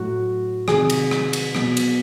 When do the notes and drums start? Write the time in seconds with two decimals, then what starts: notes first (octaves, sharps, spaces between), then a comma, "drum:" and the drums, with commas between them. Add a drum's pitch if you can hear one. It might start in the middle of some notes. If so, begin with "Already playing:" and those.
Already playing: A2 F#3 F#4
0.68 C3 D#3 F#3 G#4, drum: rim click
0.90 drum: cymbal
1.11 drum: rim click
1.33 drum: cymbal
1.55 B2 F#3, drum: rim click
1.77 drum: cymbal